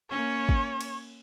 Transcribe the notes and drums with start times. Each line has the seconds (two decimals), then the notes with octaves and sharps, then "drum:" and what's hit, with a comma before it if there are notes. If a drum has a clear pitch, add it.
0.10 A#3 C#4 C#5
0.49 drum: kick
0.81 drum: cymbal